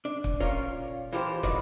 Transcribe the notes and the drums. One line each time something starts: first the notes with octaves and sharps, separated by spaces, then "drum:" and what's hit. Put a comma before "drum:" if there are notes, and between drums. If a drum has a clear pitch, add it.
D4
drum: kick
A#2 C#4 F4 A#4 C#5
E3 F3 G4 A#4 C5
C#2 D#3 F#4 B4 D5, drum: kick